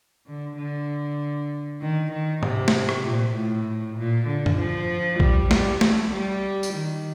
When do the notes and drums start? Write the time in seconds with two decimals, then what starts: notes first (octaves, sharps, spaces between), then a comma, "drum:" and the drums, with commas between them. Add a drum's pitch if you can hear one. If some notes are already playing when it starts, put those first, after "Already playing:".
0.27 D3
0.57 D3
1.81 D#3
2.12 D#3
2.43 C3, drum: tom G#2
2.68 drum: snare
2.89 drum: rim click
3.04 A#2
3.35 A2
3.97 A#2
4.27 D3
4.46 drum: tom F#2
4.58 F3
5.20 G3, drum: kick
5.51 G3, drum: snare
5.81 A3, drum: snare
6.12 G3
6.63 drum: tambourine
6.74 D#3